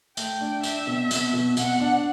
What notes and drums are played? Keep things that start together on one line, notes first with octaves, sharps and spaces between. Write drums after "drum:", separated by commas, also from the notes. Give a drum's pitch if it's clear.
A3 G5, drum: tambourine
D4
D4 E5, drum: tambourine
B2
B2, drum: tambourine
B2
B2 F#5, drum: tambourine
D4